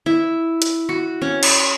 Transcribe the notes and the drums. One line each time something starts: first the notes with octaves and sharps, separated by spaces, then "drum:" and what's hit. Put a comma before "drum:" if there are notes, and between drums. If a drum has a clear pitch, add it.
E4
drum: hi-hat
F#4
C#4
drum: cymbal